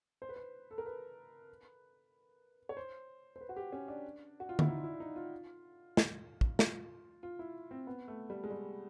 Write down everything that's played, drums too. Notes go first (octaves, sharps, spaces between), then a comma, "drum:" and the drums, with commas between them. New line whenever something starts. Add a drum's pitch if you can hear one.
C5
B4
C5
A4
A#4
B4
C#5
C5
C5
B4
F#4
G4
C#4
D4
F#4
F4
E4, drum: tom D3
D#4
F4
E4
D#4
F4
drum: snare
drum: kick
F4, drum: snare
F4
E4
C4
B3
A3
G3
G#3
G3